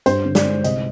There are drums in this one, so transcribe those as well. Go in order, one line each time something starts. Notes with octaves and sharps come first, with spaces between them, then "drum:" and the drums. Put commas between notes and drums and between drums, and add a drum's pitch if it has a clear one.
G2 C5, drum: hi-hat
D3
D5, drum: snare
G#3
C2 D#5, drum: hi-hat